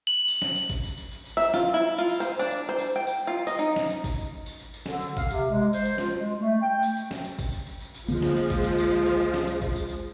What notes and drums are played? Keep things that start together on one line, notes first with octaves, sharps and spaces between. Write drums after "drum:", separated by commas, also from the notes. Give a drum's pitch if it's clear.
F#7
drum: tambourine
drum: snare
drum: tambourine
drum: kick G#1, tambourine
drum: tambourine
drum: tambourine
drum: tambourine
drum: tambourine
E5, drum: tambourine
F4, drum: snare
E4
F4
drum: tambourine
C5, drum: tambourine
D4, drum: tambourine
drum: tambourine
C5
drum: tambourine
G5
drum: tambourine
F4
D#5, drum: tambourine
D#4
drum: snare
drum: tambourine
drum: kick G#1, tambourine
drum: tambourine
drum: tambourine
drum: tambourine
drum: tambourine
D3, drum: snare
drum: tambourine
F5, drum: kick G#1, tambourine
C3, drum: tambourine
G#3
C5, drum: tambourine
drum: tambourine
F4, drum: snare
G#3
A3
G5
drum: tambourine
drum: tambourine
drum: snare
drum: tambourine
drum: kick G#1, tambourine
drum: tambourine
drum: tambourine
drum: tambourine
drum: tambourine
C#2 D3 F3 G#3 A#3, drum: tambourine
drum: snare
drum: tambourine
drum: kick G#1, tambourine
drum: tambourine
drum: tambourine
drum: tambourine
drum: tambourine
drum: tambourine
drum: snare
drum: tambourine
drum: kick G#1, tambourine
drum: tambourine
drum: tambourine